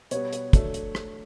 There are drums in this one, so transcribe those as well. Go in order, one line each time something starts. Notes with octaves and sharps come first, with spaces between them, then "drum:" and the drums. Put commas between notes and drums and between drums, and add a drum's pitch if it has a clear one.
B2 G3 B3 C#5, drum: hi-hat
drum: hi-hat
F#3 A3 D4 A4, drum: kick, hi-hat
drum: hi-hat
drum: rim click